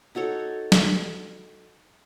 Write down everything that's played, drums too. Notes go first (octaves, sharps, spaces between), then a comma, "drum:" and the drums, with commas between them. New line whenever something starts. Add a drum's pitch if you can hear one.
D#4 F#4 A4 C#5
drum: snare